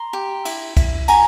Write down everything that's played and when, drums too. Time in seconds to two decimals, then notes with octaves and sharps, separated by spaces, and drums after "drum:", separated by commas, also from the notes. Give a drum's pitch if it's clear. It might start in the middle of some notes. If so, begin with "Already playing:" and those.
Already playing: A#5 C6
0.13 G4
0.45 E4, drum: cymbal
0.77 E4, drum: kick, cymbal
1.08 F#4 G#5 A#5, drum: cymbal